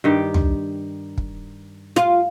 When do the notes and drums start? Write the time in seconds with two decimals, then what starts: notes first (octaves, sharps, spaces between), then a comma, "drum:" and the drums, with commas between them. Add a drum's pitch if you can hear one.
0.04 G2 D#3 G4
0.34 drum: tom
1.18 drum: kick
1.96 F4, drum: rim click